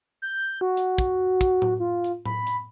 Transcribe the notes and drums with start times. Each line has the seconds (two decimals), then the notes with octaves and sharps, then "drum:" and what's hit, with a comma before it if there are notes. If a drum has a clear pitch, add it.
0.22 G6
0.61 F#4
0.77 drum: hi-hat
0.98 drum: kick, hi-hat
1.41 drum: kick, hi-hat
1.62 drum: tom A2
1.80 F4
2.04 drum: hi-hat
2.25 B5, drum: tom A2
2.47 drum: hi-hat